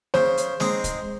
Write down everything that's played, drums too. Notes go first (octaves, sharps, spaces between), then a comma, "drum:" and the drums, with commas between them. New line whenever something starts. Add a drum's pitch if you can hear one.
C#3 C5, drum: snare A#3
drum: hi-hat
G#3 C4 D#4, drum: snare A#3
drum: kick, hi-hat